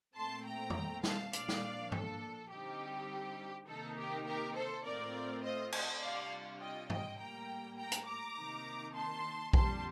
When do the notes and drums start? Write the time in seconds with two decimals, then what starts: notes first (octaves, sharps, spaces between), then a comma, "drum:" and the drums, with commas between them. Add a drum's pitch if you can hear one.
0.16 A#2 A3 C4 A5 C6
0.45 G5 A#5
0.70 drum: tom F2
1.04 F5 A5, drum: snare
1.33 A#2 F3 A#3 D4 D5 F5, drum: hi-hat
1.48 drum: snare
1.92 A4, drum: tom G#2
2.50 D3 G3 C4 D#4 G4
3.68 C3 D#3 A#3 D#4 A4
3.97 G4 A#4
4.26 G4 A#4
4.55 A4 C5
4.85 A2 A3 C4 F4 A#4 D5
5.43 C5 D#5
5.72 C5 D#5, drum: cymbal
6.02 C3 G3 D4 F4 D5 F5
6.61 D#5 G5
6.90 D#5 G5, drum: tom G#2
7.19 A2 G3 A#3 G5 A#5
7.78 G5 A#5
7.92 drum: hi-hat
8.07 A#5 D6
8.37 C3 D#3 A#3 D#4
8.95 A5 C6
9.53 F2 D3 G3 A#3 A5 C6, drum: kick A#1